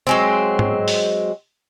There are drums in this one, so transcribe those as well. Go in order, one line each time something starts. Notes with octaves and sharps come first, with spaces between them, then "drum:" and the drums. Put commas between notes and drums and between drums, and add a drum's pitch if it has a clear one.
F#3 G#3 C4
drum: tom
drum: open hi-hat